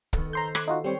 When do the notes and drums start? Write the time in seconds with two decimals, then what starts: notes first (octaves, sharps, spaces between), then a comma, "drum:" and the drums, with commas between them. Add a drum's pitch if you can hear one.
0.13 D#3 B3 A4, drum: kick
0.33 A4 C5 A#5 C6 G6
0.55 D6 F#6 G#6, drum: rim click
0.68 D#4 F4 F#4
0.84 G3 C4 C5 C#5 G5